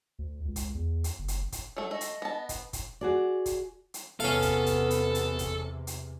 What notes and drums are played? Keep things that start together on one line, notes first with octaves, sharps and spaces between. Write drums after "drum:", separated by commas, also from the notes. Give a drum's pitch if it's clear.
D2
C#2
drum: kick, hi-hat
E2
drum: hi-hat
F#1
drum: hi-hat
drum: kick, hi-hat
F#3 A3
A3 D#5
drum: hi-hat
B3 A5
drum: kick, hi-hat
drum: kick, hi-hat
F#4 G#4 D5
drum: kick, hi-hat
drum: hi-hat
E2 C3 B3 C#4 A4 F5
drum: kick, hi-hat
drum: kick, hi-hat
drum: hi-hat
drum: hi-hat
drum: kick, hi-hat
drum: hi-hat